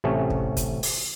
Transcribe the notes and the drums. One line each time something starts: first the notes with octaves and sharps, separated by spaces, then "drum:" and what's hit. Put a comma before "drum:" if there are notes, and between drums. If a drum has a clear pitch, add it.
A1 C3 A3 C#4
drum: kick
drum: kick, hi-hat
drum: open hi-hat